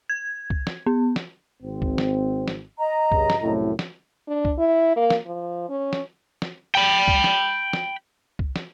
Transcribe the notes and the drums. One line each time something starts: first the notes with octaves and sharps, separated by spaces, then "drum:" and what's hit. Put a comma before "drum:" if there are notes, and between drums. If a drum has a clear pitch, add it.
G#6
drum: kick C2
drum: snare
B3
drum: snare
G#1 C4
drum: kick C2
drum: snare
drum: snare
D#5 A#5
G2 C#3, drum: kick C2
drum: snare
C2 F#2 A2
drum: snare
D4
drum: kick C2
E4
A#3
drum: snare
F3
C#4
drum: snare
drum: snare
G5 B5
drum: kick C2
drum: snare
drum: snare
drum: kick C2
drum: snare